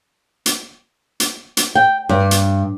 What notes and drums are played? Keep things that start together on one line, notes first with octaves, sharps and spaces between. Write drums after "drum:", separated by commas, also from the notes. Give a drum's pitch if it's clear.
drum: hi-hat
drum: hi-hat
drum: hi-hat
G5
G2
drum: hi-hat